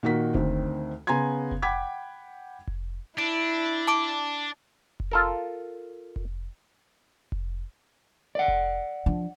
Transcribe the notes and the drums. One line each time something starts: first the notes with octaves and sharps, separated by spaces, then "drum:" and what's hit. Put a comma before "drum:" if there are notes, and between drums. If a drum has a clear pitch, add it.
A#2 D#3 F#4 A#4 B6
D2 D#3 C4, drum: kick F1
C#3 B3 G#5 A#5 C6 G#6
drum: kick F1
F#5 G5 B5 D6 G#6 B6
drum: kick F1
D4 E4 D7
A5 D6 D7
drum: kick F1
F4 A4 A#4
drum: kick F1
drum: kick F1
D5 F#5
drum: kick F1
F3 D4